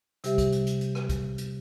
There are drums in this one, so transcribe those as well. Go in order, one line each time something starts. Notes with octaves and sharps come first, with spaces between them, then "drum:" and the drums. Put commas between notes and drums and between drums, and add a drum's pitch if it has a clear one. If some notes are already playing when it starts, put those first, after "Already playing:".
C3 G3 G4 E5, drum: hi-hat
drum: kick, hi-hat
drum: hi-hat
drum: hi-hat
drum: hi-hat
drum: rim click
drum: kick, hi-hat
drum: hi-hat